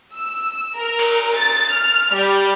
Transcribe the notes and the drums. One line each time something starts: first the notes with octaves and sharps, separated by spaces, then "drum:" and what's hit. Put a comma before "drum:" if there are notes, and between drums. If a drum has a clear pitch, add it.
E6
A#4
drum: cymbal
A6
F6
G3